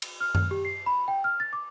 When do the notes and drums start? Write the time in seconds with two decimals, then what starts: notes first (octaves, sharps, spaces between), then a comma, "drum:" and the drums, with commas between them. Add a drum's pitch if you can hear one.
0.02 drum: cymbal
0.21 F6
0.35 F6, drum: tom F#2
0.51 G4
0.65 C7
0.86 B5
1.08 G5
1.24 F6
1.40 A6
1.53 D6